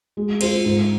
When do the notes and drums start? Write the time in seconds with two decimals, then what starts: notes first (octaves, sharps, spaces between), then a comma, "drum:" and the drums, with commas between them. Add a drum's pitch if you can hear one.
0.17 G#3
0.41 F4 G#4 C5, drum: cymbal
0.65 G#2